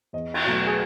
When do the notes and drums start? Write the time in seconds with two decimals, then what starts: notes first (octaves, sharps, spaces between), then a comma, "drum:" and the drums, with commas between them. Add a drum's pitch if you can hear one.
0.13 E2 D#5
0.34 drum: cymbal
0.45 B2 F#3 A3
0.66 G#4